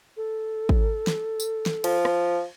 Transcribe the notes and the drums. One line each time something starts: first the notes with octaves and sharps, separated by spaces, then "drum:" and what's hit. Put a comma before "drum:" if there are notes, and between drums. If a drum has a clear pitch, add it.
A4
drum: kick G#1
drum: snare
drum: tambourine
drum: snare
F3, drum: cymbal
drum: rim click